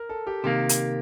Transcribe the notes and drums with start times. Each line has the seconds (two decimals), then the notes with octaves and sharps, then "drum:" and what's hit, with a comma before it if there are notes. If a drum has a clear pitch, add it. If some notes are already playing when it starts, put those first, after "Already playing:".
Already playing: A#4
0.09 A4
0.27 G4
0.44 C3 D#3 A#3 G4
0.69 drum: hi-hat